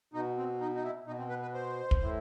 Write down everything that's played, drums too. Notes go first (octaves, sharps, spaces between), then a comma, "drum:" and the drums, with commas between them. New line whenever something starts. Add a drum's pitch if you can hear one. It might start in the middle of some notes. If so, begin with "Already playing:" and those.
B2 D#4
C4
D#4
D#4
E4
B2 D#4
C4
B4
B4
C5
drum: kick
A2 E3